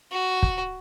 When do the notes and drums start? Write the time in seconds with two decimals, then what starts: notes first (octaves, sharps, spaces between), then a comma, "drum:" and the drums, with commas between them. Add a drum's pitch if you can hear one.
0.12 F#4
0.43 drum: kick